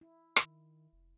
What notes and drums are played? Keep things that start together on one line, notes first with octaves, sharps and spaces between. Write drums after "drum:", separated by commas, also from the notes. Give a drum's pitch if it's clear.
E4
D#3, drum: rim click
F1